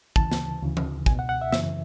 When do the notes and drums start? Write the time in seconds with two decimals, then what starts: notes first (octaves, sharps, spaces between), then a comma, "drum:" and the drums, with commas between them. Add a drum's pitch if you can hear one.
0.16 D2 C#3 E3 A5, drum: kick
0.32 drum: snare
0.62 D2 C#3 E3
0.77 drum: tom E3
1.06 C#2 B2 G#5, drum: kick
1.19 F#5
1.29 F#5
1.41 E5
1.53 F#2 C#3 E3 E5, drum: snare